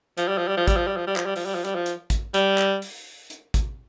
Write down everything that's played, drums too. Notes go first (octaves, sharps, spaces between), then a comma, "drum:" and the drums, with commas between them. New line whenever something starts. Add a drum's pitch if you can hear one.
F3, drum: hi-hat
G3
F3
G3
F3
G3, drum: kick, hi-hat
F3
G3
F3
G3
F3, drum: clap
G3
F3, drum: open hi-hat
G3
F3
G3, drum: hi-hat
F3
drum: hi-hat
drum: kick, hi-hat
G3, drum: hi-hat
drum: clap
drum: open hi-hat
drum: hi-hat
drum: kick, hi-hat